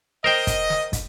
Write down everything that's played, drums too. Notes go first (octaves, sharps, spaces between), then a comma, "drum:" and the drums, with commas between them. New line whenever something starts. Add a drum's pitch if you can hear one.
A#4 C5 D#5 G5
drum: kick, hi-hat
drum: snare
drum: kick, hi-hat